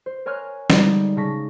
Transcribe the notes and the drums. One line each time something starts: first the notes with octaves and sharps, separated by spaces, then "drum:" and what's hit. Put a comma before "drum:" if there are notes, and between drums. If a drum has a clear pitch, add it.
C5
A#4 C#5 G#5 C6 F6 F#6
D3 G3 G#3 D#4, drum: snare
C#3 A5 C#6 A#6 B6